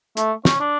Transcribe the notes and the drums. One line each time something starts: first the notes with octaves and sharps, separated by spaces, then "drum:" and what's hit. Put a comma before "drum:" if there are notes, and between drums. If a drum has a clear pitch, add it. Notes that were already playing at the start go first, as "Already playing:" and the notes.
A3, drum: hi-hat
C#4, drum: snare
D4